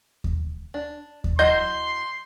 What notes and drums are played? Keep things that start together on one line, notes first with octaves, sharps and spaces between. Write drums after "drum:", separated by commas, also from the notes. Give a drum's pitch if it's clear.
drum: kick D#2
D4
drum: kick D#2
F#3 E4 D#5 C6 G6